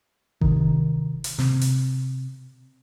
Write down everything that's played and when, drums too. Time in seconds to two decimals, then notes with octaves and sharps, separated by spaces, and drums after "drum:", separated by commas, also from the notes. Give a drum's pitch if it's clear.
0.41 C3 D#3, drum: kick G1
1.24 drum: hi-hat
1.38 C3, drum: snare
1.61 drum: hi-hat